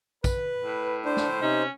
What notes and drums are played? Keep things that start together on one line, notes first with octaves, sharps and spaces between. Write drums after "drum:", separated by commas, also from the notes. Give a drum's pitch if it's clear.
B4, drum: kick, tambourine
A2
D4 C5
drum: snare
C3 C#4 D#4